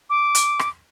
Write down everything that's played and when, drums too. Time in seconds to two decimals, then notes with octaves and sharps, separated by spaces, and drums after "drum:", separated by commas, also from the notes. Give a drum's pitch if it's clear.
0.10 D6
0.35 drum: hi-hat
0.59 drum: rim click